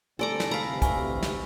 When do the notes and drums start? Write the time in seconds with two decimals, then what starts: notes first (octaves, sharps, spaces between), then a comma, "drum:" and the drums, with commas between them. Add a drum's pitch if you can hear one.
0.19 D3 G3 C4 A4 D5 G#5 A#5 C6
0.40 drum: snare
0.51 D2 C3 E3 F5 A#5 B5 E6 B6
0.82 G#5 B5 C#6 F6, drum: kick, hi-hat
1.23 drum: snare